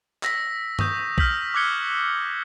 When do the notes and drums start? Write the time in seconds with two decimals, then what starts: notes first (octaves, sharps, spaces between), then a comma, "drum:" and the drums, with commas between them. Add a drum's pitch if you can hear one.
0.23 E6 A#6 B6, drum: clap
0.79 C#6 D#6 G6, drum: tom G2
1.18 F6 G6 B6 F#7, drum: kick B1
1.54 D6 E6 F#6 G#6 C#7 G7